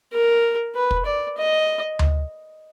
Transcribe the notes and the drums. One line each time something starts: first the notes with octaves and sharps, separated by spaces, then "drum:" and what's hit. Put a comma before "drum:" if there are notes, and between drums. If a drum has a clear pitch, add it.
A#4
B4
drum: kick
D5
D#5
drum: tom D2